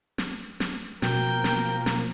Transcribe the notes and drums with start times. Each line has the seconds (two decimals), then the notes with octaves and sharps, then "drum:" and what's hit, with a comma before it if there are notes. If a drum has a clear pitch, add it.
0.18 drum: snare
0.60 drum: snare
1.02 B2 F3 A#3 A#4 G5, drum: snare
1.44 drum: snare
1.86 drum: snare